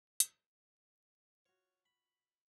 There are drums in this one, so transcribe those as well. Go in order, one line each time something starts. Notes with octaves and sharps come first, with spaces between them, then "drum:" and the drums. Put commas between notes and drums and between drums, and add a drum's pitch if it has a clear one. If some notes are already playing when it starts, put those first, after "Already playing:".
drum: hi-hat
F4 F#4 C#5
B5